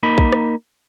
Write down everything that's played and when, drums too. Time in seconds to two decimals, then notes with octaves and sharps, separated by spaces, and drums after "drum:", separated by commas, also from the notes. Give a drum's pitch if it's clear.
0.03 A#3 D#4 B5
0.18 drum: kick A#1
0.32 drum: rim click